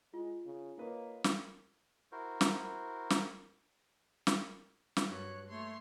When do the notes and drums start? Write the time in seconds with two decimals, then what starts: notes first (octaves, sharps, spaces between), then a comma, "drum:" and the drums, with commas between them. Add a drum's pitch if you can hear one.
0.14 G#3 F4
0.45 C#3
0.78 A#3 D#4 B4 C#5
1.24 drum: snare
2.12 E4 F#4 A#4 C5
2.41 drum: snare
3.10 drum: snare
4.27 drum: snare
4.97 drum: snare
5.07 G2 F#3 C#5 F#6
5.48 A3 A#3 C#5 C6